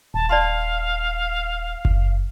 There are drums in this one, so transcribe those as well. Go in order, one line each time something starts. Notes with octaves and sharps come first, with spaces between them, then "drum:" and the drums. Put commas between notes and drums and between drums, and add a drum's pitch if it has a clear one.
D#1 A5
D5 F5 A5 C6
drum: kick F#1